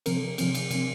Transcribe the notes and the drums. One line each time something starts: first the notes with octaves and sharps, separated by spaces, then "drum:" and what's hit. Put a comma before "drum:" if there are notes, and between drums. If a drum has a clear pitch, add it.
C3 F3 C4 A#4, drum: cymbal
A4
A#4
C3 F3 C4, drum: cymbal
drum: cymbal
C3 F3 C4, drum: cymbal